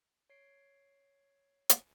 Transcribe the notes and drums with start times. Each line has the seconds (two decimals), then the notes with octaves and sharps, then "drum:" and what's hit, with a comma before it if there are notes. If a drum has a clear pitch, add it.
0.30 C#5 C7 D7
1.69 drum: hi-hat